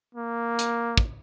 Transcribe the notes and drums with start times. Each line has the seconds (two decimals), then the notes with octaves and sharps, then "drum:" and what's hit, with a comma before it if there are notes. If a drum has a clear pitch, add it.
0.15 A#3
0.59 drum: hi-hat
0.97 drum: kick